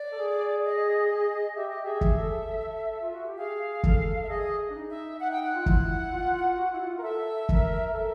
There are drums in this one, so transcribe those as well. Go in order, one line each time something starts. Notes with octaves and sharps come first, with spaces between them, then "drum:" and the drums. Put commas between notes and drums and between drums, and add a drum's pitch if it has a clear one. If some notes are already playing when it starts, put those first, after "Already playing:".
Already playing: D5
A4
G#4
D#5
G4 E5
D#5
G#4 E5
drum: kick
A4
A4
F4
F#4
G4
G#4 F5
A4, drum: kick
E5
G#4 D#5
D4
D#4
E5
D#4 F#5
G5
F#5
F4
E4, drum: kick
F4
F#4
F4
E4
F4
A#4
A4 E5
A#4, drum: kick
A4 E5